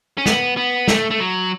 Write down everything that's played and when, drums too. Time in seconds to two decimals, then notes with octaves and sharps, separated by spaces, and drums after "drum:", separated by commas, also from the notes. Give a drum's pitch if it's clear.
0.18 C#4
0.26 B3, drum: snare
0.57 B3
0.88 A3, drum: snare
1.11 A3
1.20 F#3